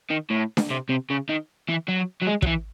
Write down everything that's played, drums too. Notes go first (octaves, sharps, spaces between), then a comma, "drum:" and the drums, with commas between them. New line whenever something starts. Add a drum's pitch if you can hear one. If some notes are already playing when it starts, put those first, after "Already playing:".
D#3
A2
drum: snare D4
C3
C3
C#3
D#3
E3
F#3
F#3
G#3
F#3, drum: kick
E3